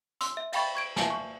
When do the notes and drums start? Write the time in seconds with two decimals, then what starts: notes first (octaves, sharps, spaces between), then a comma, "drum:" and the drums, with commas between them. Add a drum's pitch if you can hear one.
0.21 C6 E6, drum: hi-hat
0.37 E5
0.53 E5 F5 G5 B5 C#6 A6, drum: cymbal
0.75 C#6 G#6 D7
0.96 E5 F5 G#5 A5, drum: snare
1.10 C#6